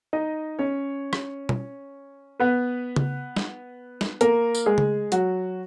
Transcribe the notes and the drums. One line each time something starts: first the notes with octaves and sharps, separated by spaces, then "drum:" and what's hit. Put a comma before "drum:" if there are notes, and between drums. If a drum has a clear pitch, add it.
D#4 D#5
C#4 C#5
drum: rim click
drum: tom B2
B3 B4
drum: tom C#3
drum: snare
drum: snare
A#3 A#4, drum: hi-hat
drum: tambourine
G#3 G#4
drum: tom C#3
F#3 F#4, drum: hi-hat